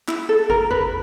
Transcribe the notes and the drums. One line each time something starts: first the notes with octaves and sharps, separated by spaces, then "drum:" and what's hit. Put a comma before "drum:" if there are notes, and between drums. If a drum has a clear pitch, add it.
E4, drum: clap
A4
A#4, drum: kick G#1
B4, drum: tom E2